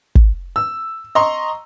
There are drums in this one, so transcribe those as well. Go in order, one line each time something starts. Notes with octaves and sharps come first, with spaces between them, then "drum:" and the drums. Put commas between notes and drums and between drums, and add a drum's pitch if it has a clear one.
drum: kick
E6
D#5 A#5 C6 C#6